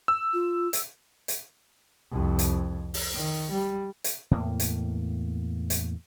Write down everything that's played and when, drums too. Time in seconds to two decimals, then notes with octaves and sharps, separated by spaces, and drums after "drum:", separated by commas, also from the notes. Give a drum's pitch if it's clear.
0.08 E6
0.33 F4
0.73 drum: hi-hat
1.28 drum: hi-hat
2.11 C2 F2
2.39 drum: hi-hat
2.94 drum: open hi-hat
3.14 D#3
3.52 G3
4.04 drum: hi-hat
4.31 E2 A2 A#3
4.60 drum: hi-hat
5.70 drum: hi-hat